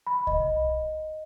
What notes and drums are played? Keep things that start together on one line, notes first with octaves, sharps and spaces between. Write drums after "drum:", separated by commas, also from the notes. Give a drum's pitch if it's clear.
B5
D#5, drum: kick C2